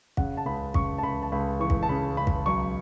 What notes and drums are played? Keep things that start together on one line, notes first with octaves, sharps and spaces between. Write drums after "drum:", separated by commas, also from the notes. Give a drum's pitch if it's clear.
C#3 F#5, drum: kick
A5
C#2 B5
C#3 C#6, drum: kick
A5
C#2 B5
A5
C#2 B5
E3 C#6
drum: kick
A5
C#3 B5
C#2 B5
drum: kick
B1 C#6